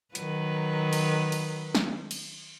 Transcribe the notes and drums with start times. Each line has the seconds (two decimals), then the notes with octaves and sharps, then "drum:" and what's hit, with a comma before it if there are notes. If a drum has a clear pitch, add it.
0.15 D#3 F#3 B4, drum: hi-hat
0.93 drum: cymbal
1.32 drum: cymbal
1.75 drum: snare
2.11 drum: cymbal